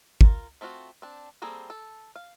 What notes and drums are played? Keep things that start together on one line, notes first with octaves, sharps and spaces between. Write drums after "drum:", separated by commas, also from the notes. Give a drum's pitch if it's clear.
F4 A#4, drum: kick
A3 C4 F4 F#4
C4 D4
G3 A#3 C4 G#4 A4
A4
F5